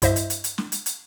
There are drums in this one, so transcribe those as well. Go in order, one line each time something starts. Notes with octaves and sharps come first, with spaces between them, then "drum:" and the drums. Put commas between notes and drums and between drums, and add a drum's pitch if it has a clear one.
G2 E4 C5 D#5 E5, drum: kick, hi-hat
drum: hi-hat
drum: hi-hat
drum: hi-hat
drum: snare
drum: hi-hat
drum: hi-hat